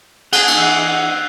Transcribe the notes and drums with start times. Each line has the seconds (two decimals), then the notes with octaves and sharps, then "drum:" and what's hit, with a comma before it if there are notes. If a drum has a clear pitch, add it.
0.33 G#4 F#5 A5, drum: cymbal
0.48 drum: cymbal
0.57 E3 D#5 F#5 E6 F#6 C7